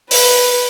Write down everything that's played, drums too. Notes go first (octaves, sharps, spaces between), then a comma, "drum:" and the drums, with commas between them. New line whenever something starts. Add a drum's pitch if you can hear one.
B4, drum: open hi-hat